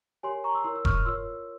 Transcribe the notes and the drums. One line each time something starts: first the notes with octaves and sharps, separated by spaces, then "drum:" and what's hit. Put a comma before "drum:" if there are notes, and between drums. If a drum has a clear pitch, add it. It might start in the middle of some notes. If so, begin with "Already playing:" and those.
G4 A#4 C#5 G#5 C6
A#5 C#6
C6 E6
E4 A#4 C#5 C6 E6
E6
C#6 F6, drum: kick E1
F4 A#4 C#5 C6 E6